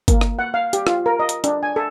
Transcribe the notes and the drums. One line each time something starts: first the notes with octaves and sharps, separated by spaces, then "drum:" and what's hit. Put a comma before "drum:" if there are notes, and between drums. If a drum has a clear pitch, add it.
A#3, drum: kick G1, hi-hat
drum: rim click
F#5
F5
G4, drum: hi-hat
F4, drum: rim click
A#4
D#5
drum: hi-hat
D4, drum: hi-hat
G#5
A4